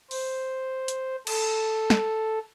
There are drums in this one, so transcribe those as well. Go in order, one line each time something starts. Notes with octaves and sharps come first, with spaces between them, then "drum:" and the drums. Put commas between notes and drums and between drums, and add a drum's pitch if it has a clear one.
C5, drum: open hi-hat
drum: hi-hat
A4, drum: cymbal
drum: snare